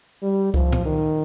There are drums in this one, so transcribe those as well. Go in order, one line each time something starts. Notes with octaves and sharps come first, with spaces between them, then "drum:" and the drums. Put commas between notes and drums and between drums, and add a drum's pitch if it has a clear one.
G3
F3, drum: kick C#2
drum: tom
D#3